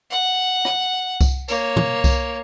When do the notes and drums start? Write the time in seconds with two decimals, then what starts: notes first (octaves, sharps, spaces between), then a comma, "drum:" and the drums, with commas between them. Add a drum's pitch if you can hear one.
0.11 F#5
0.65 drum: rim click
1.21 drum: kick C2, tambourine
1.48 A#3 C#5, drum: tambourine
1.76 drum: tom
2.04 drum: kick C2, tambourine